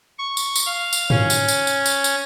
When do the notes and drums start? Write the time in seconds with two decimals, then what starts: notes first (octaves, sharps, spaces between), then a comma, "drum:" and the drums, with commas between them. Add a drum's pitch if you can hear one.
0.18 C#6
0.37 drum: tambourine
0.55 drum: tambourine
0.66 F5
0.93 drum: tambourine
1.10 C#4, drum: tom G#2
1.30 drum: tambourine
1.48 drum: tambourine
1.67 drum: tambourine
1.86 drum: tambourine
2.04 drum: tambourine